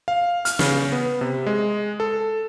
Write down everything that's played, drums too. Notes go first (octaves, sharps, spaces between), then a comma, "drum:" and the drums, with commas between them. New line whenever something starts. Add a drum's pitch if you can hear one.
F5
F6, drum: hi-hat
C#3, drum: snare
B3
C3
G#3
A4